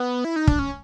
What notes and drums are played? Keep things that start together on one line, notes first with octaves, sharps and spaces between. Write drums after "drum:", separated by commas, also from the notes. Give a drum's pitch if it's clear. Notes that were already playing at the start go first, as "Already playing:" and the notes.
Already playing: B3
E4
D#4
D4, drum: kick
C#4